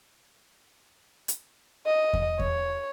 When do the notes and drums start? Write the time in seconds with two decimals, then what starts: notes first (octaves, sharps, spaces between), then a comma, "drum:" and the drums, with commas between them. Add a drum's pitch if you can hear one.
1.28 drum: hi-hat
1.86 D#5
2.13 drum: kick E2
2.39 C#5, drum: kick E2